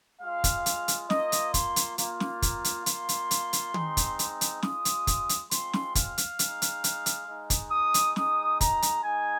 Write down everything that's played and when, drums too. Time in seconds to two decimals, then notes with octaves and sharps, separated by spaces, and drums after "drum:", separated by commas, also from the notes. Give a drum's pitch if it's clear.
0.22 G#3 F4 F5
0.44 drum: kick, hi-hat
0.66 drum: hi-hat
0.88 drum: hi-hat
1.10 A#3 F4 D#5, drum: snare
1.32 drum: hi-hat
1.54 C6, drum: kick, hi-hat
1.76 drum: hi-hat
1.98 A#3 F4, drum: hi-hat
2.20 drum: snare
2.42 drum: kick, hi-hat
2.64 drum: hi-hat
2.86 A#3 F4 C6, drum: hi-hat
3.09 drum: hi-hat
3.31 drum: hi-hat
3.53 drum: hi-hat
3.74 G#3 C4 D#4, drum: tom
3.97 drum: kick, hi-hat
4.19 drum: hi-hat
4.41 drum: hi-hat
4.63 G#3 F4 D#6, drum: snare
4.85 drum: hi-hat
5.07 drum: kick, hi-hat
5.29 drum: hi-hat
5.51 G#3 C4 F4 C6, drum: hi-hat
5.73 drum: snare
5.95 F5, drum: kick, hi-hat
6.18 drum: hi-hat
6.39 G#3 D#4, drum: hi-hat
6.62 drum: hi-hat
6.84 drum: hi-hat
7.06 drum: hi-hat
7.28 G#3 D#4
7.50 drum: kick, hi-hat
7.71 D#6
7.94 drum: hi-hat
8.16 G#3 D#4 D#6, drum: snare
8.61 A#5, drum: kick, hi-hat
8.82 drum: hi-hat
9.04 G#3 D#4 G#5